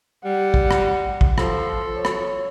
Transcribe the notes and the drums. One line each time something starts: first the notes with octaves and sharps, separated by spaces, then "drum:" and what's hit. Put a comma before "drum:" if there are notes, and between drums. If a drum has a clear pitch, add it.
G3 F#5
drum: kick
drum: rim click
drum: kick
F3 A4, drum: rim click
C#5
drum: rim click